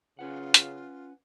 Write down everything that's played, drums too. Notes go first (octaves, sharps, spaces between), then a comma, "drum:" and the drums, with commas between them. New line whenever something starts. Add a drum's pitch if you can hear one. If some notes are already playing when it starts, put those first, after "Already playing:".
C#3 C#4 F4 B4 F#5
drum: hi-hat